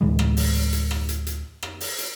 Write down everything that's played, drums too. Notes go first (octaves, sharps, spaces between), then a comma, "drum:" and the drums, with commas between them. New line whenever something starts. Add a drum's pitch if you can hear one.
D2 A2 E3 G#3
drum: rim click
drum: open hi-hat
drum: hi-hat
drum: rim click
drum: hi-hat
drum: hi-hat
drum: rim click
drum: open hi-hat
drum: hi-hat